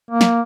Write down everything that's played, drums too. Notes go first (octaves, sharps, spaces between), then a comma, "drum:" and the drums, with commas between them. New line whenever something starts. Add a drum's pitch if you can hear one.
A#3
drum: snare